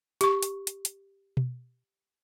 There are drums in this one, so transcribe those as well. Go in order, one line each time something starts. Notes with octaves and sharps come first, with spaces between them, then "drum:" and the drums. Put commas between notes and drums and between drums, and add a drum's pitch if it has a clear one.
G4 C#6, drum: hi-hat
drum: hi-hat
drum: hi-hat
drum: hi-hat
drum: tom B2